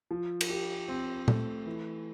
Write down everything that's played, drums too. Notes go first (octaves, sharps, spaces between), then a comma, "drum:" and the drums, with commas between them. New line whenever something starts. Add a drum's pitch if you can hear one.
F3
drum: cymbal
G4
C4
A3, drum: tom A#2
E3